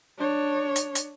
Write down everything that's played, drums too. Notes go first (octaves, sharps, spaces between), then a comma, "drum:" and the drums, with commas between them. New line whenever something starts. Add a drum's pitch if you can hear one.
D4 C#5
drum: hi-hat
drum: hi-hat